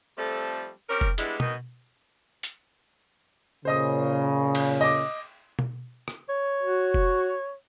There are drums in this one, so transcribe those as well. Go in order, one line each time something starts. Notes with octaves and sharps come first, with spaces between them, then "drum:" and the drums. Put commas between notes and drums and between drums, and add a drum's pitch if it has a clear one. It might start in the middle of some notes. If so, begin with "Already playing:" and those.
F3 G3 A3 C4 A4
C4 C#4 G4 A#4
drum: kick F1
G3 G#3 B3 D4 E4, drum: hi-hat
B2 D#3 D#4 D#5, drum: tom B2
drum: hi-hat
A#2 C#3 C5 D#5 D#6
drum: cymbal
D#5 D6
drum: tom B2
drum: rim click
C#5
F#4
drum: kick F1